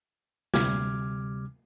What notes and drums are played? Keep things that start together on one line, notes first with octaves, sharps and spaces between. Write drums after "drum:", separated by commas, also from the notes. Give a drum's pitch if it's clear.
D2 C3 G3 D6 F6 G#6, drum: snare